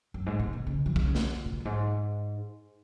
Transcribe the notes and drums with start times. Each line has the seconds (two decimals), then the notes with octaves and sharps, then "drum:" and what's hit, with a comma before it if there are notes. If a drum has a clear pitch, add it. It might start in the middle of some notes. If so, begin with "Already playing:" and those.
0.14 F#2
0.26 G#2
0.39 A#2
0.53 B2
0.67 C#3
0.86 F3
0.96 D#3, drum: kick A#1
1.05 C#3
1.15 drum: snare
1.45 B2
1.60 F#2
1.65 G#2